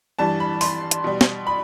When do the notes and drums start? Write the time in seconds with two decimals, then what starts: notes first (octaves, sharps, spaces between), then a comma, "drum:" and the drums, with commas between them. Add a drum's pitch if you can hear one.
0.19 G2 E3 G3 A5
0.40 B5
0.61 C6, drum: open hi-hat
0.91 drum: hi-hat
1.04 B2 G3
1.21 drum: snare
1.47 B5